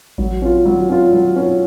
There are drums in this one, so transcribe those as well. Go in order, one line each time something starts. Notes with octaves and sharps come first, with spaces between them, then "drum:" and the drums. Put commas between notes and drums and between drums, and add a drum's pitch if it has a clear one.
F#3, drum: kick A1
C#4 F4
F#3
C#4 F4
F#3
C#4 F4